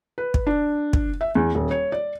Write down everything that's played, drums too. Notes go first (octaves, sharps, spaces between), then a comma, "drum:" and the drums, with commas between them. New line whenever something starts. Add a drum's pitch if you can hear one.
B4
drum: kick
D4
drum: kick
E5
E2
D#1
C#5
D5